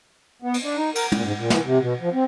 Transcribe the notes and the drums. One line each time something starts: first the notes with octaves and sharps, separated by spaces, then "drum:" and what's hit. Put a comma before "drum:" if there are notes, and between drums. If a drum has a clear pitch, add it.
B3
drum: cymbal
D4
D#4
A#4, drum: cymbal
A#2, drum: tom
G#2
A#2
E3, drum: snare
C3
B2
F3
C4